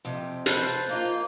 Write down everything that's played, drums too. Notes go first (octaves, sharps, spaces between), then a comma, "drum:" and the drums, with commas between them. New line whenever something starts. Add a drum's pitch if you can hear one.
F2 C3
B4 C5 A5, drum: hi-hat
A#3 D#4 F4